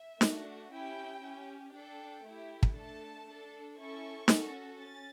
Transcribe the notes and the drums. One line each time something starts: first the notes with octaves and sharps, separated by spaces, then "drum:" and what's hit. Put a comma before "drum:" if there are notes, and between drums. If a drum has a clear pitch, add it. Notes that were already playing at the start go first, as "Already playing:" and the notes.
Already playing: E5
A3 D4 F#4, drum: snare
C#4 E4 G4 G5
C#4 G4
D4 A4 G5
A3 E4 G4
drum: kick
A3 D4 A4 A5
D4 A4
C#4 E4 A4 C#6
C#4 F#4 A4, drum: snare
C#4 A6